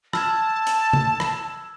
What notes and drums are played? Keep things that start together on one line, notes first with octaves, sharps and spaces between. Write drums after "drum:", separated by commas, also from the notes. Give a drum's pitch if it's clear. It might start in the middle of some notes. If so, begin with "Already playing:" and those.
A5 E6 F6 G#6, drum: rim click
drum: hi-hat
drum: tom C#3
drum: rim click